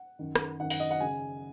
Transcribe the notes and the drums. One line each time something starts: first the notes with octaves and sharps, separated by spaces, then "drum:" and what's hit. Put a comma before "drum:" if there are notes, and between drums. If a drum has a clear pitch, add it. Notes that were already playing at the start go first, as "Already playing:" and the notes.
Already playing: F#5
F#2 D#3
drum: rim click
F#2 D#3 F#5
F#5, drum: open hi-hat
D#5
F#5
C#3 G#5